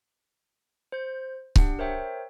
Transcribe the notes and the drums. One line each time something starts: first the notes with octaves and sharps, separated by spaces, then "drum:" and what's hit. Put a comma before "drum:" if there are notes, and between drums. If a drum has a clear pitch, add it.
C5 G6
D4 G4 F#5, drum: kick C#1
A#4 C5 C#5 E5 G5